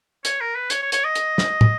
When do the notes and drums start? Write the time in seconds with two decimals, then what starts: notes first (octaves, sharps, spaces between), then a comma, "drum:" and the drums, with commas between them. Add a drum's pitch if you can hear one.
0.25 C#5, drum: hi-hat
0.40 A#4
0.55 B4
0.70 C#5, drum: hi-hat
0.82 C#5
0.92 C#5, drum: hi-hat
1.04 D#5
1.15 drum: hi-hat
1.38 drum: snare
1.61 drum: tom